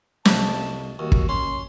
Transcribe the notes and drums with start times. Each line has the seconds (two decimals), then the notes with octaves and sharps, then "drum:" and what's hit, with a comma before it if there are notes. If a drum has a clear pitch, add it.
0.25 C2 F2 A5, drum: snare
0.99 D#2 F#4
1.12 drum: kick
1.29 C#4 C6